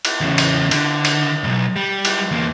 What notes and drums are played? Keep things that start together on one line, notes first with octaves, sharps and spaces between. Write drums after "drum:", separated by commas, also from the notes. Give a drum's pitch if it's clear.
drum: cymbal
E2 C#3
drum: cymbal
D3, drum: cymbal
drum: cymbal
B1 G2
G3
drum: cymbal
E2 A#3